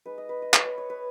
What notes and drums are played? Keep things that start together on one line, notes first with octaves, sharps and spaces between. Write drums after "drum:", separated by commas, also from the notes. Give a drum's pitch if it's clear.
G#3 D#4 B4
D#5
B4
D#5
C#5, drum: clap
B4
C#5
B4